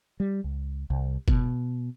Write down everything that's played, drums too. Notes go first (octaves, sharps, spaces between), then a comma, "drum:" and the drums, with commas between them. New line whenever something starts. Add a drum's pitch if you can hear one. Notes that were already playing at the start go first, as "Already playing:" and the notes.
G3
C#2
C2
B2, drum: kick